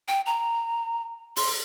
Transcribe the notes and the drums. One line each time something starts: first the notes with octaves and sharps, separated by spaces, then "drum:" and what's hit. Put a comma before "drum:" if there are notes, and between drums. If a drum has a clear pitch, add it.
G5
A#5
C6, drum: open hi-hat